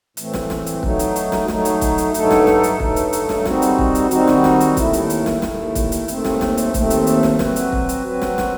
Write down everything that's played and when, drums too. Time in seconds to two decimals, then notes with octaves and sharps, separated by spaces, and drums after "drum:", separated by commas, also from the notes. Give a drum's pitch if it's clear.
0.17 A2 E3 A3 C4, drum: hi-hat
0.34 drum: snare
0.50 drum: snare
0.66 drum: hi-hat
0.83 F#3 A3 D#4, drum: kick
0.99 drum: hi-hat
1.16 drum: hi-hat
1.32 drum: snare
1.48 F#3 A3 D#4, drum: snare
1.65 drum: hi-hat
1.81 drum: kick, hi-hat
1.98 drum: hi-hat
2.14 G2 F#3 A3 D#4 A4, drum: hi-hat
2.31 drum: snare
2.47 drum: snare
2.63 drum: hi-hat
2.80 G2 F#3 A3 D#4 A4, drum: kick
2.96 drum: hi-hat
3.13 drum: hi-hat
3.29 drum: snare
3.45 D#3 G3 C4 D#4 F#4, drum: snare
3.62 drum: hi-hat
3.78 drum: kick
3.95 drum: hi-hat
4.11 D#3 G3 C4 D#4 F#4, drum: hi-hat
4.28 drum: snare
4.44 drum: snare
4.60 drum: hi-hat
4.77 D#2 D#3 A3 E4, drum: kick, hi-hat
4.93 drum: hi-hat
5.10 drum: hi-hat
5.26 drum: snare
5.42 D#2 D#3 A3 E4, drum: snare
5.75 drum: kick, hi-hat
5.92 drum: hi-hat
6.08 D#2 D#3 A3 C4, drum: hi-hat
6.25 drum: snare
6.41 drum: snare
6.57 drum: hi-hat
6.74 D#2 D#3 A3 C4, drum: kick, hi-hat
6.90 drum: hi-hat
7.07 drum: hi-hat
7.23 drum: snare
7.39 F#3 C4 F#4 B4, drum: snare
7.56 drum: hi-hat
7.72 drum: kick
7.89 drum: hi-hat
8.05 F#3 C4 F#4 B4
8.22 drum: snare
8.38 drum: snare